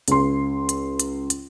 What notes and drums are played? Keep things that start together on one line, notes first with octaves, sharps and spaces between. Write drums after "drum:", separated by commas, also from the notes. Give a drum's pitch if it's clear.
C#2 C6, drum: hi-hat
drum: hi-hat
drum: hi-hat
drum: hi-hat